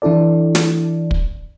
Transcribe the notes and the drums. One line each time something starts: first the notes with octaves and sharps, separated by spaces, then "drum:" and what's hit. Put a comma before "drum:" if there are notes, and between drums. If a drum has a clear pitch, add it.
E3 D4 E4 A4 D5
drum: snare
drum: kick